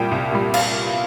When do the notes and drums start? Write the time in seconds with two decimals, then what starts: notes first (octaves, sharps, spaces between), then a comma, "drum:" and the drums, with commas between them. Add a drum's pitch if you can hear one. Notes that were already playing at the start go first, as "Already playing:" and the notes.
Already playing: C2 A#2 G3 G5
0.11 C2
0.32 A#2 G3
0.54 F5, drum: cymbal